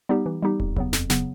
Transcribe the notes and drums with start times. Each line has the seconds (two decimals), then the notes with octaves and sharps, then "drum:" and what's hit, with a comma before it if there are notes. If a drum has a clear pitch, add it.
0.09 G3 B3 D#4 G4
0.26 E3
0.42 G3 B3 D#4 G4
0.60 F2, drum: kick
0.76 C#3 F#3 B3, drum: kick
0.93 F2, drum: snare
1.10 C#3 F#3 B3, drum: snare